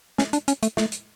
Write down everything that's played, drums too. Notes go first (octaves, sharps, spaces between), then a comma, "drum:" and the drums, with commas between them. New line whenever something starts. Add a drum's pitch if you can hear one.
C#4, drum: snare
D4, drum: hi-hat
C#4, drum: hi-hat
A3, drum: hi-hat
A3, drum: snare
drum: hi-hat